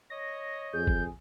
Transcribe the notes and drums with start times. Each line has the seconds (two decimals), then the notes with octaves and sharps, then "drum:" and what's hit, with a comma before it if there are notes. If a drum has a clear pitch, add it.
0.10 C#5 D#5 A#6
0.74 F2 G#4 G6
0.87 drum: kick